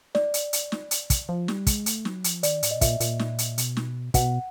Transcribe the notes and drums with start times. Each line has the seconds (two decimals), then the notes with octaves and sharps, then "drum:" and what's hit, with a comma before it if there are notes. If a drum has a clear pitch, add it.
0.15 D5, drum: snare
0.34 drum: hi-hat
0.53 drum: hi-hat
0.72 drum: snare
0.91 drum: hi-hat
1.10 drum: kick, hi-hat
1.29 F3
1.48 G3, drum: snare
1.67 G#3, drum: kick, hi-hat
1.86 A3, drum: hi-hat
2.05 F#3, drum: snare
2.24 F3, drum: hi-hat
2.43 D#3 D5, drum: hi-hat
2.63 A2, drum: hi-hat
2.71 D#5
2.76 B2
2.81 A#2 E5, drum: kick, hi-hat
3.00 A#2, drum: hi-hat
3.19 drum: snare
3.38 drum: hi-hat
3.58 B2, drum: hi-hat
3.77 drum: snare
4.14 B2 F#5, drum: kick, hi-hat